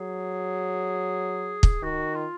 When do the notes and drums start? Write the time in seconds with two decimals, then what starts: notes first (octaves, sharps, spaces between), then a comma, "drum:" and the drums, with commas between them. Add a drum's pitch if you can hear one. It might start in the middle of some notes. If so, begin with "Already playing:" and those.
Already playing: F#3 G#4
1.63 drum: kick
1.83 D#3 F#4
2.15 F4